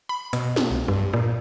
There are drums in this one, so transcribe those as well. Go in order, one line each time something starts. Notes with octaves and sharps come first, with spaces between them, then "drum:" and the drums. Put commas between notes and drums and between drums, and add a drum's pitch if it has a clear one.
B5
B2, drum: hi-hat
drum: snare
C2
G2
A#2